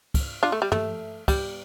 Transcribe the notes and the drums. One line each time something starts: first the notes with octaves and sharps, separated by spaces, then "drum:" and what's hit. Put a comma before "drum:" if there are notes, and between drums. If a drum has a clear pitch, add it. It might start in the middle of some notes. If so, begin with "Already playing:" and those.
drum: kick, cymbal
D4 F4
A3
G3
A3, drum: tom
G3, drum: kick, cymbal